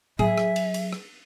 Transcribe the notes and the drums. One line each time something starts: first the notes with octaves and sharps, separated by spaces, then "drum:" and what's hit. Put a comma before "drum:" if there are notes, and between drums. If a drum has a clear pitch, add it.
F#3 G#4 E5, drum: tom A2
drum: rim click
drum: cymbal
drum: cymbal
drum: rim click